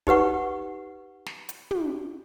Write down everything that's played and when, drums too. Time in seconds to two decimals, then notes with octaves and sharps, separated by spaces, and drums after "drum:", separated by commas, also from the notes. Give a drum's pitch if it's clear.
0.07 D#4 G4 B4 F#5 C#6, drum: kick
1.27 drum: snare
1.49 drum: hi-hat
1.71 drum: tom